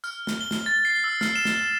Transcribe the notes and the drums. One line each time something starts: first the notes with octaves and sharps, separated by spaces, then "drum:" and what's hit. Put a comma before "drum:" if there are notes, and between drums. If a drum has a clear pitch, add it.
F6, drum: tambourine
drum: snare
G7
drum: snare
A6
C7
E6
F6, drum: snare
E7
drum: snare